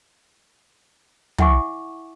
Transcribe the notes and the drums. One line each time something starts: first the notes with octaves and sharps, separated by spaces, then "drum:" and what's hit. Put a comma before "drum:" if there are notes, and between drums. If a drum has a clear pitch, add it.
E4 E5 F#5 G#5 C#6 D6, drum: tom